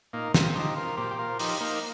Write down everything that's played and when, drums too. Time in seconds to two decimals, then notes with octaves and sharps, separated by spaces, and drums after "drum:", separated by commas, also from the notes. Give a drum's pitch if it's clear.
0.13 A#2 A#3 D#4
0.34 C4 F4, drum: snare
0.55 F3 D#4 G4
0.76 F4 A#4
0.97 A#2 G4 C5
1.11 G4
1.19 F4 A#4
1.39 F3 D#4 G4, drum: open hi-hat
1.61 A#3 D#4